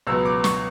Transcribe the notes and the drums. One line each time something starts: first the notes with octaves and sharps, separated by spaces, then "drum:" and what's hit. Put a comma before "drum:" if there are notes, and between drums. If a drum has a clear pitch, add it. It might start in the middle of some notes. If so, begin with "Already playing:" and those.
C#2 B2 F#3 B3 E6
D6
C#6, drum: snare